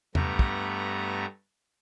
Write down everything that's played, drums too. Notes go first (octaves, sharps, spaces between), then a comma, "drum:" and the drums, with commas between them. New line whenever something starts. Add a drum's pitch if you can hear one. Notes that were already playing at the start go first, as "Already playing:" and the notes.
G2 G3 A3 B3 A#5, drum: tom E2
drum: kick